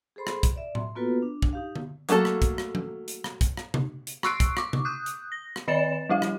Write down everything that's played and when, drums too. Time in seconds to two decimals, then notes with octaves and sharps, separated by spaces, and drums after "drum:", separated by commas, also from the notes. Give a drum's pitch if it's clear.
0.16 G#4 A4 C5 B5 C6
0.27 drum: rim click
0.43 drum: kick, hi-hat
0.56 D5 E5
0.75 C6, drum: tom A2
0.95 A#3 B3 F4 F#4 A4 B4
1.22 D4
1.42 drum: kick
1.53 D#4 G4 F5
1.76 drum: tom D3
2.09 F#3 A3 A#3 A4, drum: hi-hat
2.25 drum: rim click
2.42 drum: kick, hi-hat
2.58 drum: rim click
2.75 drum: tom F3
3.08 drum: hi-hat
3.24 drum: rim click
3.41 drum: kick, hi-hat
3.57 drum: rim click
3.74 drum: tom C3
4.07 drum: hi-hat
4.23 C6 C#6 E6 F#6 C7 D7, drum: rim click
4.40 drum: kick, hi-hat
4.57 C#6 D6, drum: rim click
4.73 drum: tom C3
4.85 D#6 F#6 G6
5.06 drum: hi-hat
5.32 A#6
5.56 drum: rim click
5.68 D#3 B4 D5 D#5 A6 E7
6.09 F3 G3 E4 G4 F5
6.22 drum: rim click